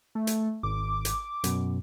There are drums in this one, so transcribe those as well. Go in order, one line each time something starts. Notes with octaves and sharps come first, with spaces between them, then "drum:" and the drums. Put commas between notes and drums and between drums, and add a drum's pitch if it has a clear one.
A3
drum: hi-hat
G#1 D6
drum: hi-hat
F#2 B2, drum: hi-hat